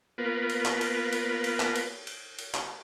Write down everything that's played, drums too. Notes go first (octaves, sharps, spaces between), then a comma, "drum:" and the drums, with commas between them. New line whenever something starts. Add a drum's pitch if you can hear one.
A#3 B3 F4 A#4 B4
drum: cymbal
drum: clap
drum: cymbal
drum: cymbal
drum: cymbal
drum: clap
drum: cymbal
drum: cymbal
drum: cymbal
drum: clap